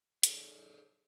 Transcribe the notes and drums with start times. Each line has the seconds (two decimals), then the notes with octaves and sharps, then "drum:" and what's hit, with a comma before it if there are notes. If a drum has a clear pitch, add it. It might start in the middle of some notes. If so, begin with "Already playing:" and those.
0.23 G#4 A4 C#5, drum: hi-hat